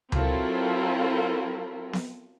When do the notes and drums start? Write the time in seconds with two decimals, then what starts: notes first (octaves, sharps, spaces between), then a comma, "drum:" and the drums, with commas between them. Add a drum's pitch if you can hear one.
0.12 F#3 C4 E4 F4 A4 A#4, drum: tom C#2
1.93 drum: snare B3